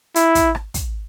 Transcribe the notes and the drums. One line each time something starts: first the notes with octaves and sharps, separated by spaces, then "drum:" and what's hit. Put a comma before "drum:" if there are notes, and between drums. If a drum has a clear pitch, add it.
E4, drum: hi-hat
drum: kick, hi-hat
drum: rim click
drum: kick, hi-hat